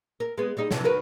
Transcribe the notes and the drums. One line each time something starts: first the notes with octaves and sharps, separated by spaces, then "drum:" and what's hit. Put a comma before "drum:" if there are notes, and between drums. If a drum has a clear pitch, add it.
A#4
G#3 B3
G3 G#3 D#4
F2 C3 E3, drum: snare
F#4 A#4 B4